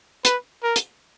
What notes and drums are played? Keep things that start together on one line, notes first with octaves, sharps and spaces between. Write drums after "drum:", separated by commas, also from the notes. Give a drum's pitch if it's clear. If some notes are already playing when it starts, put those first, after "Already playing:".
B4, drum: hi-hat
A#4
drum: hi-hat